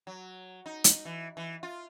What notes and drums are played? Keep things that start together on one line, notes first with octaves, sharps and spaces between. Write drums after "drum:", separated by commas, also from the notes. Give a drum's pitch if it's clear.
F#3
D#4
drum: hi-hat
E3
E3
F4